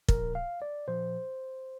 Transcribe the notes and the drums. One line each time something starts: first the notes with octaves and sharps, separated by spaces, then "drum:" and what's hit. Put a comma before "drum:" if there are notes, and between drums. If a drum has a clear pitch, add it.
F3 A#4, drum: kick
A#2
F5
D5
A#2 F3 C5